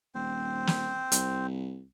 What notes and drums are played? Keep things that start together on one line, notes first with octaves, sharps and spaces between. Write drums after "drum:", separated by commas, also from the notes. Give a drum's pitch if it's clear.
D#1 C4 C5
drum: snare
C2, drum: hi-hat